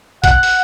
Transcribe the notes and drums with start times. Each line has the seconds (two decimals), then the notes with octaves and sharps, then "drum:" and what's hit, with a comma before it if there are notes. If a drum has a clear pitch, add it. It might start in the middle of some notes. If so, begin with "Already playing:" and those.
0.24 F#5, drum: kick A#1, hi-hat
0.43 drum: open hi-hat